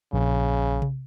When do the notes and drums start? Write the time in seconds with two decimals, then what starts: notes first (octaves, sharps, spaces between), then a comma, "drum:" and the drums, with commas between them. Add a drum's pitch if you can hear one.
0.13 A#1 C#3
0.82 drum: tom C3